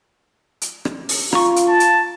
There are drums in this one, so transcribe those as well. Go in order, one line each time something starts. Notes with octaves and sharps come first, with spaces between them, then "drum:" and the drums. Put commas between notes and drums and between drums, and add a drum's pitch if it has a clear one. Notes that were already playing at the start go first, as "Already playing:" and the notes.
drum: hi-hat
drum: rim click
drum: open hi-hat
F4 A#5 C#6, drum: rim click
drum: hi-hat
A5
drum: hi-hat